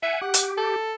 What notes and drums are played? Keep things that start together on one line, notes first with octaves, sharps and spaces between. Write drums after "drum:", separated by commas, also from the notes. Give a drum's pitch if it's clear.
E5 F#5 G#5
G4 F#5
drum: hi-hat
A4